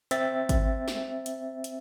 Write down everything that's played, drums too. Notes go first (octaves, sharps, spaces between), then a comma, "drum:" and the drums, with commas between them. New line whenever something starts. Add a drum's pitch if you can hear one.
C4 E5 A6, drum: hi-hat
drum: kick G#1, hi-hat
drum: snare
drum: hi-hat
drum: hi-hat